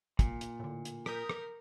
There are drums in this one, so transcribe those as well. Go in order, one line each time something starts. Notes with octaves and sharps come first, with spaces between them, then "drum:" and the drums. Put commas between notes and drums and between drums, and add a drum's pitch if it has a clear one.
A#2, drum: kick, hi-hat
drum: hi-hat
A2 D3
drum: hi-hat
A#4 D#6 G6 B6, drum: rim click
drum: rim click